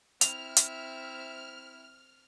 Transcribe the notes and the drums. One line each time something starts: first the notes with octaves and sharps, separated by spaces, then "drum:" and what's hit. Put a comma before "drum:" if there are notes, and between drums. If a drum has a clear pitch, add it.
C4 E4 E5 F6 F7, drum: hi-hat
drum: hi-hat